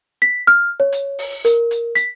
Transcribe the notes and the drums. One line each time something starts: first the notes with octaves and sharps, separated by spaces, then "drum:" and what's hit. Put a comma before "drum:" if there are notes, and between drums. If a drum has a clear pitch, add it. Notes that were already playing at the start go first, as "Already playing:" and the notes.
B6
F6
C#5
drum: hi-hat
drum: open hi-hat
A#4, drum: hi-hat
drum: hi-hat
B6, drum: hi-hat